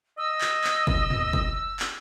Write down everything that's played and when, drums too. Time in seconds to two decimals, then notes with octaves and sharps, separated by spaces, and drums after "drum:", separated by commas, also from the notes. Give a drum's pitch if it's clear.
0.18 D#5 E6
0.41 drum: clap
0.64 drum: clap
0.87 drum: kick
1.10 drum: tom
1.33 drum: kick
1.80 drum: clap